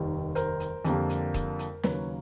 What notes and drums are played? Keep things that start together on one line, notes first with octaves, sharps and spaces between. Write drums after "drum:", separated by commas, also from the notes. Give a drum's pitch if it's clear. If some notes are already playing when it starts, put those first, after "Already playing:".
Already playing: F1 D#2 D#3 G3 A#4 C5
A#4 C5, drum: hi-hat
drum: hi-hat
F2 D3 G3 A#3, drum: hi-hat
drum: hi-hat
drum: kick D#1, hi-hat
drum: hi-hat
D#2 C#3 F#3 A#3 B4 C#5, drum: snare